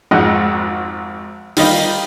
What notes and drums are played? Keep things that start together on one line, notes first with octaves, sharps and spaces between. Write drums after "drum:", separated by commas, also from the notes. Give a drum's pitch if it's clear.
G#1 F2 G#2 D#5 F#5
D#3 G3 D#4 F4, drum: open hi-hat